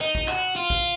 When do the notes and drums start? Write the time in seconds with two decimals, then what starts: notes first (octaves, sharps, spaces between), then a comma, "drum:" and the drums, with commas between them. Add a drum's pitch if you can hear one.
0.01 D#4
0.15 drum: kick
0.28 F#4, drum: clap
0.56 F4
0.70 drum: kick